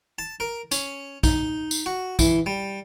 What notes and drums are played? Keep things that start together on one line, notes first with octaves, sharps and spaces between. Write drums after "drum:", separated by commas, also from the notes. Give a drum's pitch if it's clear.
A5
A#4
C#4, drum: tambourine
D#4, drum: kick, tambourine
drum: tambourine
F#4
E3, drum: kick, tambourine
G3